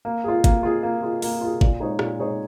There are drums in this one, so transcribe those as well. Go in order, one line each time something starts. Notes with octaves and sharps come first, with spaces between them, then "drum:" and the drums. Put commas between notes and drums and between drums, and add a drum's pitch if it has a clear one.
A#3
F4 G#4
A#3, drum: kick, hi-hat
F4 G#4
A#3
F4 G#4
A#3, drum: open hi-hat
F4 G#4
A#2, drum: kick
G#3 D#4 G#4 C#5
A#2, drum: rim click
G#3 D#4 G#4 C#5